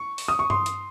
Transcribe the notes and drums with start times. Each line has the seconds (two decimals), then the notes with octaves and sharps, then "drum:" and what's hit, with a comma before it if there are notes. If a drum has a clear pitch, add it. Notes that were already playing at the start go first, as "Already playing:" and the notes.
Already playing: C#6
0.18 drum: open hi-hat
0.28 D#6
0.39 C#6
0.50 C6, drum: tom G2
0.66 drum: hi-hat